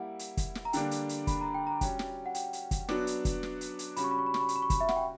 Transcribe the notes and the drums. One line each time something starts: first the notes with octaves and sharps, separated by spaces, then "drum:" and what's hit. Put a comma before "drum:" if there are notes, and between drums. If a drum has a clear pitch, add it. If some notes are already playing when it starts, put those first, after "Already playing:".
Already playing: G3 A#3 E4 F#5
drum: hi-hat
drum: kick, hi-hat
drum: snare
A#5
D3 G3 A#3 D4 G5, drum: hi-hat
drum: hi-hat
drum: hi-hat
B5, drum: kick, hi-hat
A#5
G5
A#5
G3 C#4 F#4 G5, drum: kick, hi-hat
drum: snare
F#5
G5, drum: hi-hat
drum: hi-hat
drum: kick, hi-hat
F#3 B3 D4 F#4, drum: snare
drum: hi-hat
drum: kick, hi-hat
drum: snare
drum: hi-hat
drum: hi-hat
C#3 G3 C#4 F#4 B5, drum: hi-hat
C#6
B5
C#6
B5
C#6, drum: snare
B5
C#6, drum: hi-hat
B5
C#6
B5, drum: kick, hi-hat
E5
F#5, drum: snare
G5